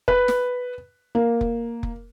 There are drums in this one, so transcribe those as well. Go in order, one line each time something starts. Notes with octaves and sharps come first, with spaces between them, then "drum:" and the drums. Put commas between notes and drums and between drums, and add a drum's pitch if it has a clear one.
B4, drum: kick F1
drum: snare
A#3
drum: kick F1
drum: kick F1